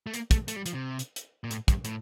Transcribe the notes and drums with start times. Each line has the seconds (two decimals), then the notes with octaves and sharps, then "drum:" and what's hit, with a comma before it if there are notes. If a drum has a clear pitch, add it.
0.07 A3
0.14 A#3, drum: hi-hat
0.31 A3, drum: kick, hi-hat
0.48 A3, drum: hi-hat
0.56 G3
0.66 F3, drum: hi-hat
0.74 C3
0.99 drum: hi-hat
1.16 drum: hi-hat
1.44 A#2
1.51 A2, drum: hi-hat
1.68 G2, drum: kick, hi-hat
1.85 A2, drum: hi-hat